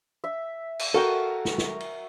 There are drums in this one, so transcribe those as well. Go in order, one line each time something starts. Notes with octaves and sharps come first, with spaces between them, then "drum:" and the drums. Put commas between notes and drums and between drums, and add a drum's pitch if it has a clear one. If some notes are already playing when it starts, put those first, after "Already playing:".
E5
drum: cymbal
F#4 A4 A#4 G5
drum: snare
drum: snare
drum: cymbal